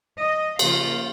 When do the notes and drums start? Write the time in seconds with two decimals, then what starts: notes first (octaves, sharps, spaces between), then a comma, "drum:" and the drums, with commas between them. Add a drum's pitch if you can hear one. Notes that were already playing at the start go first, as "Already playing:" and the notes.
0.21 D#5
0.59 C#3 F3 A#3 F4 F5, drum: cymbal